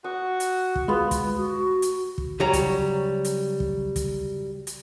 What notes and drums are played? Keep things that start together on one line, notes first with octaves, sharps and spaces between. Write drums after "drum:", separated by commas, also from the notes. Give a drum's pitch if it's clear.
F#4 D#6
drum: hi-hat
drum: kick
G#3 B3 F4
drum: kick, hi-hat
F#4
drum: hi-hat
drum: kick
C#3 F#3 G3 C#5 A#5
drum: kick, hi-hat
drum: hi-hat
drum: kick
drum: kick, hi-hat
drum: hi-hat